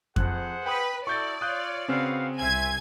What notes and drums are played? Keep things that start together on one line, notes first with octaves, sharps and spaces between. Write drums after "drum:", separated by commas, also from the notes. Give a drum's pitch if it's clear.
F2 G#4 C5 F#5 F#6, drum: kick F2
B4 G5 B5 D#6
E4 F#4 A4 D5 C#6 G6 A6
F4 C#5 D#6 F#6 G6
C#3 C4 C#4 F#4 B4 F5
C2 C5 E5 G#5 G#6